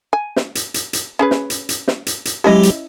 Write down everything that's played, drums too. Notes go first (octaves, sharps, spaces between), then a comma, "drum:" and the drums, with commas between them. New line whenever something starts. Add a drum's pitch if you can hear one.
G#5
drum: snare
drum: hi-hat
drum: hi-hat
drum: hi-hat
C#4 G#4 B4
drum: snare
drum: hi-hat
drum: hi-hat
drum: snare
drum: hi-hat
drum: hi-hat
F#3 G#3 C#4 E4 G4 D#5
drum: hi-hat